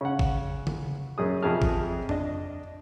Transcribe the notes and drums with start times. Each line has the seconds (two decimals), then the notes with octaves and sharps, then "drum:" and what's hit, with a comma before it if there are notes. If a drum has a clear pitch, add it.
0.01 C#3 F#5
0.19 drum: kick
0.67 drum: tom C#3
1.18 F#2 G#4 D#6
1.43 F2 C3 G#4 A5 F6
1.62 drum: kick
2.09 D4 D#5, drum: tom F2